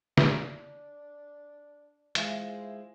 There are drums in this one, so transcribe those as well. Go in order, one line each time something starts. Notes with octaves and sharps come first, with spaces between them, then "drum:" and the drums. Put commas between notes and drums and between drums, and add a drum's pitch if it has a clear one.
D4, drum: snare
G#3 E4 F4 C5 E5 F5 G#5, drum: hi-hat